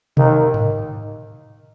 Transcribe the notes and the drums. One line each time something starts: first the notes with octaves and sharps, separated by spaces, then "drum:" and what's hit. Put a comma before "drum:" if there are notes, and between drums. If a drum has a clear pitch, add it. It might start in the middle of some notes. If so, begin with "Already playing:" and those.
D#3, drum: tom B2
drum: tom G#2